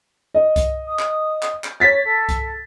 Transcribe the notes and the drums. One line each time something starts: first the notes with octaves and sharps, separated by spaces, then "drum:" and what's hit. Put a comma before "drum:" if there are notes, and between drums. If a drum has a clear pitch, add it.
D#5
drum: kick C2, hi-hat
D#6
drum: clap
drum: clap
drum: clap
C#5 A6 B6
A4
drum: kick C2, hi-hat